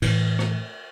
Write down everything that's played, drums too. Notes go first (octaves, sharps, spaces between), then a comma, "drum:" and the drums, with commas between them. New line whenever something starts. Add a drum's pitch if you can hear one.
A2 E3, drum: cymbal
drum: rim click